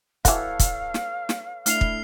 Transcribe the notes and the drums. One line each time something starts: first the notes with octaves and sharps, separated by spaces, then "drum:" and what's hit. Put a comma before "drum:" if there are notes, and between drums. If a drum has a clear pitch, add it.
E3 F#4 A4 B4 C#5 F5, drum: kick, hi-hat
drum: kick, hi-hat
drum: snare
drum: snare
A3 D4 E4 F6 C7 F7, drum: hi-hat
drum: kick